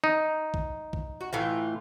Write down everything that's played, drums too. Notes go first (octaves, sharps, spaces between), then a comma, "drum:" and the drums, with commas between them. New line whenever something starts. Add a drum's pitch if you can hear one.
D#4
drum: kick
drum: kick
F#4
A2 E3 F4